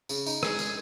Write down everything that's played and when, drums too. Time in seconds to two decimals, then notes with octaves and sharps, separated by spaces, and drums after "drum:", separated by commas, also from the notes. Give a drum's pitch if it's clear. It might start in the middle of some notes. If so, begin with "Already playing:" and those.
0.09 C#3, drum: tambourine
0.26 D#4, drum: tambourine
0.43 G#3 G#4, drum: rim click
0.59 drum: tambourine